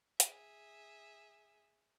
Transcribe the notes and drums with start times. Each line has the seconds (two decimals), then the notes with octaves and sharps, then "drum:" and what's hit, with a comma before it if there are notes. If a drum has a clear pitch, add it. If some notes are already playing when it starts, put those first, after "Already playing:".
0.20 G#4 E5, drum: hi-hat